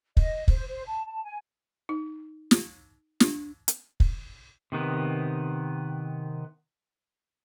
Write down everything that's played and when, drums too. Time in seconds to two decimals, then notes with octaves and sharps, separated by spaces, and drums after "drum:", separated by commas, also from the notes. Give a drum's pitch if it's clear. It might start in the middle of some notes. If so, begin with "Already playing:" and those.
0.17 D#5, drum: kick
0.48 C5, drum: kick
0.68 C5
0.87 A5
1.05 A5
1.23 G#5
1.89 D#4
2.51 drum: snare
3.20 D4, drum: snare
3.68 drum: hi-hat
4.00 drum: kick
4.72 C3 D#3 B3